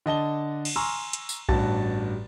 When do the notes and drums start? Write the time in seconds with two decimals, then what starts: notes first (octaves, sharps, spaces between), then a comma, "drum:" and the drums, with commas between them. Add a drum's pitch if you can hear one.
0.06 D3 D#5 A5 G7
0.65 drum: cymbal
0.76 G#5 A#5 C6 C#6 E6 F6
1.13 drum: hi-hat
1.29 drum: tambourine
1.49 A1 G2 F#4 A5 A6, drum: kick B1